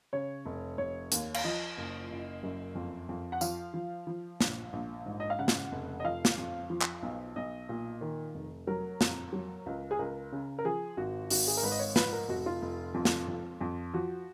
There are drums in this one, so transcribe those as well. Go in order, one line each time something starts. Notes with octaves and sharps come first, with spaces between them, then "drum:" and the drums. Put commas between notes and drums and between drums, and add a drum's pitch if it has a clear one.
C#3 C#5
F1
F1 C#5
D#2, drum: hi-hat
F5, drum: cymbal
F3 D#5
F#1
F#1
F#2
F2
F2
F#5
F3 F5, drum: tambourine
F3
F3
A#1, drum: snare
A#1
G#2
D#5
F5
C#3 F#5
drum: snare
F1
D#5
F3 F5
drum: snare
F2
F3
drum: clap
B1
B1 D#5
A#2
D#3
F1
F#3 A#4
F2, drum: snare
F#3
C#2
G#4
C#2 A#4
C#3
A#4
F3 G#4
G#1 F#4
G#1 F#4, drum: open hi-hat
G#4
A#4
G#2 B4
D#5
C#5
F3 B4, drum: snare
A#4
F1 F#4
F4
F1
F2
drum: snare
F2
F2
F3 F#4